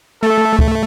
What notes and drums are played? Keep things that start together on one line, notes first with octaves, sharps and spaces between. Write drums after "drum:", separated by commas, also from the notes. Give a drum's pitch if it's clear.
A3 A4
drum: kick C#2